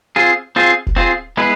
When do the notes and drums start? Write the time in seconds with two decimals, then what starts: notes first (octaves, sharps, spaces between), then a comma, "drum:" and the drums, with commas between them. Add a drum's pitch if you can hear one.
0.16 C4 F4 G#4
0.56 C4 F4 G#4
0.87 drum: kick F1
0.96 C4 F4 G#4
1.37 G#3 B3 E4 G#4 B4